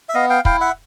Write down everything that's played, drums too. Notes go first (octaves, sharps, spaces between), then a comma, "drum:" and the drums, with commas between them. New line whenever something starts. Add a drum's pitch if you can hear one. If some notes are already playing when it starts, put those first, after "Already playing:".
E5
B3 D#5 F5
F5 G5
E4 F5 G5, drum: kick
E5 F#5